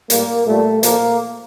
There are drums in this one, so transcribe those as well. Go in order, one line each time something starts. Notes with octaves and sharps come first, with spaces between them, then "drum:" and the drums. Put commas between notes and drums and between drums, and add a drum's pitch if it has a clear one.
A2 G3 A#3, drum: hi-hat
A#2 G3 A3
A#2 F3 A3 A#3, drum: hi-hat